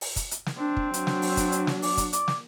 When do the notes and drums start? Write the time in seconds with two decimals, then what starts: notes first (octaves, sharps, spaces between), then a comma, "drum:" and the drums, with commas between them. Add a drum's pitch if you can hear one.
0.01 drum: open hi-hat
0.16 drum: kick, hi-hat
0.31 drum: hi-hat
0.46 drum: snare
0.57 C4 D4
0.77 drum: kick
0.94 F#3 D4, drum: hi-hat
1.07 drum: snare
1.22 drum: open hi-hat
1.37 drum: kick, hi-hat
1.52 drum: hi-hat
1.67 drum: snare
1.82 D5, drum: open hi-hat
1.97 drum: kick, hi-hat
2.13 D5, drum: hi-hat
2.28 drum: snare